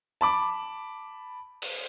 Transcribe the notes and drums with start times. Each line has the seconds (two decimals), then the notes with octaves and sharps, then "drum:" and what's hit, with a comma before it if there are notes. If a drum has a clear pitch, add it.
0.21 A5 B5 D6
1.62 drum: open hi-hat